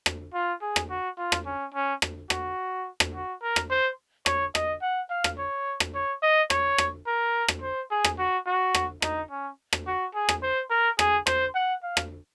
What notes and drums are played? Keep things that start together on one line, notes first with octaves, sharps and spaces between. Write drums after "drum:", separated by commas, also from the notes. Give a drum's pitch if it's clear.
drum: rim click
F4
G#4
drum: rim click
F#4
F4
drum: rim click
C#4
C#4
drum: rim click
F#4, drum: rim click
drum: rim click
F#4
A#4
drum: rim click
C5
C#5, drum: rim click
D#5, drum: rim click
F#5
F5
drum: rim click
C#5
drum: rim click
C#5
D#5
C#5, drum: rim click
drum: rim click
A#4
drum: rim click
C5
G#4
drum: rim click
F#4
F#4
drum: rim click
D#4, drum: rim click
C#4
drum: rim click
F#4
G#4
drum: rim click
C5
A#4
G#4, drum: rim click
C5, drum: rim click
F#5
F5
drum: rim click